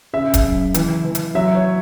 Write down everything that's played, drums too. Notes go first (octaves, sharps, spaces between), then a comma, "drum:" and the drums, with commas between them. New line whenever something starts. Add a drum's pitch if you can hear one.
C#3 E5
drum: kick D1, hi-hat
F#2
E3, drum: hi-hat
E3
drum: hi-hat
F#3 E5
C#5